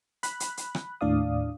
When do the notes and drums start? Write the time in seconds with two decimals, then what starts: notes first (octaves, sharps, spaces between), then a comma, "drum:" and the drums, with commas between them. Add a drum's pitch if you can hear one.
0.23 B5 F#6, drum: hi-hat
0.40 drum: hi-hat
0.57 drum: hi-hat
0.75 drum: rim click
1.01 D#2 A2 D4 D5 F5 D#6